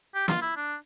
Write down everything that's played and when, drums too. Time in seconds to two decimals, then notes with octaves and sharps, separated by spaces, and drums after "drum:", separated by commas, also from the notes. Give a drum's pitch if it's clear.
0.15 G4
0.28 F4, drum: snare
0.42 E4
0.56 D4